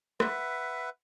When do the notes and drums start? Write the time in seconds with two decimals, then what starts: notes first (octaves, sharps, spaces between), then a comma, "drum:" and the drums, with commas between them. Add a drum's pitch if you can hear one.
0.20 B4 E5 F#5, drum: rim click